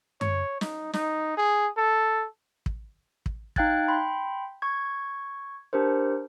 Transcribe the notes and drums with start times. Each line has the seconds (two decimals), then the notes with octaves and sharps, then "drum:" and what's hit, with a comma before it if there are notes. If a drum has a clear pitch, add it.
0.21 C#5, drum: tom F#2
0.61 D#4, drum: snare
0.93 D#4, drum: snare
1.37 G#4
1.77 A4
2.66 drum: kick
3.26 drum: kick
3.56 D#4 F5 G5 F#6 G#6 A6, drum: kick
3.88 G5 B5 C6
4.62 C#6 G#6
5.73 D4 G4 A#4 C5